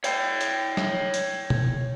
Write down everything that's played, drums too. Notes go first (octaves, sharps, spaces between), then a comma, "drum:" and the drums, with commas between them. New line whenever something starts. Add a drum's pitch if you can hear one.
C#5 G5, drum: hi-hat
drum: hi-hat
drum: snare
drum: hi-hat
drum: tom